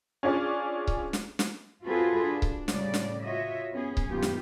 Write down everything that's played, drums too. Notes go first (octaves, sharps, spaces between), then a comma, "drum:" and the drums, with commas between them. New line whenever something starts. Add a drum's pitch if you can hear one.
C#4 D4 F4 G#4 D5
drum: kick C#1
drum: snare
drum: snare
C4 F4 F#4 G#4 A4 B4
D4
drum: kick C#1
A2 C#3 G3 D5, drum: snare
drum: snare
F4 F#4 C#5 D#5 E5
B3 C#4 G#4
drum: kick C#1
F#2 A#2 D#3 B3 F4 G4
drum: snare